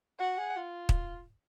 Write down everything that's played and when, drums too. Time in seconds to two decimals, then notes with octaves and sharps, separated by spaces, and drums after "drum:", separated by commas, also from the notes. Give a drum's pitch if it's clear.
0.20 F#4 F#5
0.38 G#4
0.57 F4
0.89 drum: kick